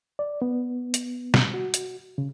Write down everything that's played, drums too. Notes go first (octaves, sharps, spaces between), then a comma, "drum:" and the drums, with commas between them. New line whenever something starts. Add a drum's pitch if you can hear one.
D5
B3
drum: hi-hat
drum: snare
F#4
drum: hi-hat
C#3